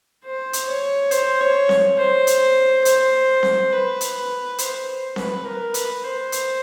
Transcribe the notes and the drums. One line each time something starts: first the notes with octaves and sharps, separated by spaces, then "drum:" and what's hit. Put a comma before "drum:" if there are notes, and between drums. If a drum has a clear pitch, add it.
C5
drum: hi-hat
C#5
C5, drum: hi-hat
C#5
drum: snare C4
C5
drum: hi-hat
C5, drum: hi-hat
drum: snare C4
B4
drum: hi-hat
C5, drum: hi-hat
B4, drum: snare C4
A#4
B4, drum: hi-hat
C5
drum: hi-hat